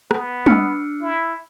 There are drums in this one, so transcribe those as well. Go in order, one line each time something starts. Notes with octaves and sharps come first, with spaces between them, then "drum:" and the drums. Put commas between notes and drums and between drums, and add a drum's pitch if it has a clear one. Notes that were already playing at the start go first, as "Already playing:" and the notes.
B3, drum: rim click
D4 E6 F6 C#7, drum: tom G3
E4